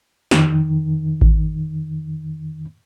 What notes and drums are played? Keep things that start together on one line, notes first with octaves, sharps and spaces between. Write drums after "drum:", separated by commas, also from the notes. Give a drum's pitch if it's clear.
F2 D#3, drum: snare
drum: kick G#1